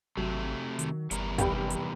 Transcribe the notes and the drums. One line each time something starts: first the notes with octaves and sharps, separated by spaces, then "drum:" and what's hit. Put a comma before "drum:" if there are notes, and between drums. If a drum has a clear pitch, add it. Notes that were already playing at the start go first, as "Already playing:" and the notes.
G#1 C3 F#3 A3
D#3, drum: hi-hat
G1 E2 G3 A#4, drum: hi-hat
F1 G4 B5, drum: kick, hi-hat
drum: hi-hat